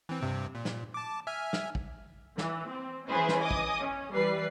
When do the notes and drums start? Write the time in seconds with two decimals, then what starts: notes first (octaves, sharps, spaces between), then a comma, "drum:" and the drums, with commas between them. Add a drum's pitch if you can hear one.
0.09 E3 C4
0.21 G2 C3 C4
0.55 A#2
0.65 drum: snare
0.94 A5 D6
1.27 E5 G#5 F6
1.53 drum: snare
1.75 drum: kick
2.38 E3, drum: snare
2.70 C4
3.09 E3 C#4 E4 G#4 B4 C5
3.29 drum: snare
3.41 D#5 G#5 D6 D#6
3.51 drum: kick
3.80 C#4
4.13 E3 G3 B4 C7